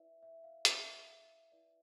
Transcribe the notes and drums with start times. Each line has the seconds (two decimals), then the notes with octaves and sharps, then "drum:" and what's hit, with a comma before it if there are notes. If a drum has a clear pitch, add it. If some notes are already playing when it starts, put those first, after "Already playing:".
Already playing: E4 B4 D5 E5
0.23 E5
0.44 F5
0.65 E5, drum: hi-hat
1.52 E4 B4 D5